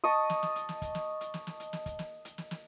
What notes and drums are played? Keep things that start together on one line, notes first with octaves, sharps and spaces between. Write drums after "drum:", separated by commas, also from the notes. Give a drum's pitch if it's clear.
D#5 A5 C#6 D#6
drum: snare
drum: snare
drum: hi-hat
drum: snare
drum: kick, hi-hat
drum: snare
drum: hi-hat
drum: snare
drum: snare
drum: hi-hat
drum: snare
drum: kick, hi-hat
drum: snare
drum: hi-hat
drum: snare
drum: snare